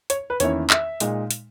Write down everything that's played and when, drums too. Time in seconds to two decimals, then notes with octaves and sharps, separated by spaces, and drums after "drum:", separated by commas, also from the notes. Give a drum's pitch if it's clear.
0.10 C#5, drum: hi-hat
0.30 B4
0.40 E2 D#3 A#3 C#4 E4 C#5, drum: hi-hat
0.70 E5, drum: clap
1.00 A#2 G#3 D#4, drum: hi-hat
1.31 drum: hi-hat